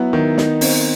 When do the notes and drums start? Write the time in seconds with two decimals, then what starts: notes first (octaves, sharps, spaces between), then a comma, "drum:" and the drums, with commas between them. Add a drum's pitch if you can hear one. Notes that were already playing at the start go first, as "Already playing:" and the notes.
Already playing: F#3 B3 E4
0.13 D#3
0.38 D#4, drum: snare
0.61 C4, drum: open hi-hat